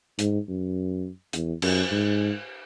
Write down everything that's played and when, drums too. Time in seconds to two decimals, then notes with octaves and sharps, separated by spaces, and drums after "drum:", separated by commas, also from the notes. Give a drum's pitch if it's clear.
0.19 G#2, drum: hi-hat
0.48 F#2
1.33 E2, drum: hi-hat
1.62 F#2, drum: cymbal
1.91 G#2